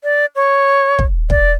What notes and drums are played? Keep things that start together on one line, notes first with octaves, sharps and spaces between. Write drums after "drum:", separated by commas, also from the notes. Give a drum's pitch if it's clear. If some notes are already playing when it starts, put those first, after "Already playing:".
D5
C#5
drum: kick
D5, drum: kick